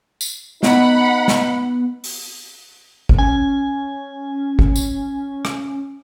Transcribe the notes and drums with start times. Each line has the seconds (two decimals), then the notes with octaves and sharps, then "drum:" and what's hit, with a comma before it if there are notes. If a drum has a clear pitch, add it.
0.21 drum: tambourine
0.63 B3 D#4 F#5 B5, drum: snare
1.28 drum: snare
2.04 drum: open hi-hat
3.09 drum: kick
3.19 C#4 G#5
4.59 drum: kick
4.76 drum: tambourine
5.45 drum: rim click